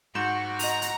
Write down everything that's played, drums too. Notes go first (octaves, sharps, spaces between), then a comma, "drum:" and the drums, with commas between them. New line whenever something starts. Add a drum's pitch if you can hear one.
G#2 F#4 G6 E7
D#5 A#5 F7, drum: open hi-hat
drum: hi-hat